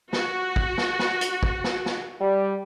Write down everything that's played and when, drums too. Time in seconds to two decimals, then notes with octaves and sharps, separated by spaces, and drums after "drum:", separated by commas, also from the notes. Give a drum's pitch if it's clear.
0.13 F#4, drum: snare
0.56 drum: kick
0.78 drum: snare
0.99 drum: snare
1.21 drum: hi-hat
1.43 drum: kick
1.64 drum: snare
1.86 drum: snare
2.21 G3